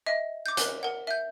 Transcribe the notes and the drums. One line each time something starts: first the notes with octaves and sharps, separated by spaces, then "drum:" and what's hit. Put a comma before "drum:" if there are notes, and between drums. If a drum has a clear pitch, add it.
D#5 E5
D6 G6
A#4 F#6, drum: hi-hat
A#4 F#5
E5 G6